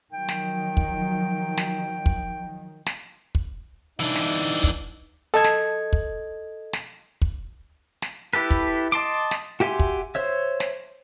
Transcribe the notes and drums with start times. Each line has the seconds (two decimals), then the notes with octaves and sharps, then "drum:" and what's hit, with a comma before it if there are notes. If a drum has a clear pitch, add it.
0.12 D#3 F3 F#3 G5
0.29 drum: snare
0.77 drum: kick
1.57 drum: snare
2.06 drum: kick
2.86 drum: snare
3.35 drum: kick
4.00 E3 D4 D#4
4.15 drum: snare
4.64 drum: kick
5.34 A4 D#5 A5 G#6
5.44 drum: snare
5.93 drum: kick
6.73 drum: snare
7.22 drum: kick
8.02 drum: snare
8.33 E4 G4 A4 B4
8.51 drum: kick
8.92 D#5 A5 C6 D6
9.31 drum: snare
9.60 F#4 G4 E5 G#5 C6
9.80 drum: kick
10.15 C5 C#5 E5
10.60 drum: snare